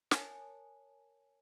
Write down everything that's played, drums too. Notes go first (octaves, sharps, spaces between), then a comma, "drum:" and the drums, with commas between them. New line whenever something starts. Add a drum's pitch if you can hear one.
A#4 C#5 G#5 A5, drum: snare